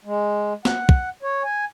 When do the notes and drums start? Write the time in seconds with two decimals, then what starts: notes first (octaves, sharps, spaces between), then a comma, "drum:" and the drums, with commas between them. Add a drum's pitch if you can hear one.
0.05 G#3
0.65 F#5, drum: snare
0.89 drum: kick
1.23 C#5
1.44 G#5